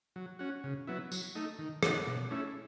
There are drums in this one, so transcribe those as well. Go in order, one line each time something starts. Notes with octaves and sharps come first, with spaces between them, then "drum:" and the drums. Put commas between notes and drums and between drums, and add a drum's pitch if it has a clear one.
F#3
C#4 F#4
C#3
F#3 B3 E4
F#3, drum: tambourine
A3 D#4
D#3
A3 D#4 F#4, drum: rim click
B2
A3 C#4 E4